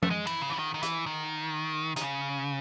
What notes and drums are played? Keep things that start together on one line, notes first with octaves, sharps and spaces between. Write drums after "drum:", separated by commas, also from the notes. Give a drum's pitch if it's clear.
A3, drum: tom F3
G#3
E3, drum: cymbal
C#3
E3
D#3
D#3
E3, drum: hi-hat
D#3
D#3, drum: hi-hat
C#3